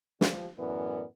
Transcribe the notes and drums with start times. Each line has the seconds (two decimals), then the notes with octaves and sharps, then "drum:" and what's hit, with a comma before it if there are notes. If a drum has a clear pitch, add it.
0.21 F3 G3, drum: snare
0.58 F#2 A2 E3 B3 A#4 D5